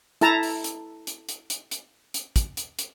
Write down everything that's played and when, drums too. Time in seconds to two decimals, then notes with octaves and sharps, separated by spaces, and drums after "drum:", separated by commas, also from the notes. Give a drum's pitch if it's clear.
0.21 E4 A4 A5 A#5, drum: hi-hat
0.43 drum: open hi-hat
0.64 drum: hi-hat
1.07 drum: hi-hat
1.29 drum: hi-hat
1.50 drum: hi-hat
1.71 drum: hi-hat
2.14 drum: hi-hat
2.36 drum: kick, hi-hat
2.57 drum: hi-hat
2.79 drum: hi-hat